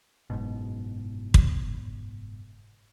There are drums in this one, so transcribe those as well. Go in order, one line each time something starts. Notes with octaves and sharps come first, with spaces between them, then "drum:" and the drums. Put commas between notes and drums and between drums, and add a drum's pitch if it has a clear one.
F#1 G#2 B2
drum: kick